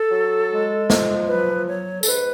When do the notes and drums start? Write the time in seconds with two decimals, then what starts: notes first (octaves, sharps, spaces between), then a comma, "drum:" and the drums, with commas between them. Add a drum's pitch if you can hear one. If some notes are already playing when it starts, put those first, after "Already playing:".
Already playing: A4
0.11 F#3
0.51 G#3
0.90 F3, drum: snare
1.29 F#3 B4
1.68 F#3 C#5
2.03 A4, drum: tambourine
2.07 G#2 B4